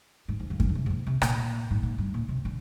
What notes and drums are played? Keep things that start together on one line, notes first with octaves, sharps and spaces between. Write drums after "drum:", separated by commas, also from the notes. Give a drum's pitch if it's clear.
G#2
F2
F2
A#2, drum: kick F#2
D3
C3
G#2
A#2
C3
A#2, drum: rim click
G#2
A#2
G2
A#2
C3
D3